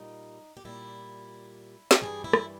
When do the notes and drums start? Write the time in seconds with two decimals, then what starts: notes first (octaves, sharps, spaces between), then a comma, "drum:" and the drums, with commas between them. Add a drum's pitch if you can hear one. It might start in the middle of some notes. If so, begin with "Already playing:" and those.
Already playing: A#2 G3 D#4
0.57 G4
0.65 A#2 G3 E4
1.91 drum: snare
2.02 G2 E3 G3 G#4
2.24 E4
2.33 drum: rim click